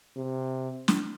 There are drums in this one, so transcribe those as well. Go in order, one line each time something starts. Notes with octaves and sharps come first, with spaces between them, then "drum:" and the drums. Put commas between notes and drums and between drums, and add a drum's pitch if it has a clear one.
C3
drum: snare